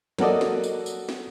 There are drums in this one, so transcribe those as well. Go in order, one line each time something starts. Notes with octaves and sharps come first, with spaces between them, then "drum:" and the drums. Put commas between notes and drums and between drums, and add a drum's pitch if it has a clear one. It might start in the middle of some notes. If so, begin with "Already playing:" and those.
F#3 A#3 F#4 A4 D5 D#5, drum: snare
drum: snare
drum: tambourine
drum: tambourine
drum: snare